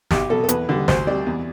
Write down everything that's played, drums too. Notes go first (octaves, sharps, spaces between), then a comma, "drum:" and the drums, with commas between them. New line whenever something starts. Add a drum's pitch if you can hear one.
B1 G4, drum: snare
B2 F#3 A4
A4
E2 B4, drum: hi-hat
D3 G3
D2 C5, drum: snare
C3 G3 D5
E2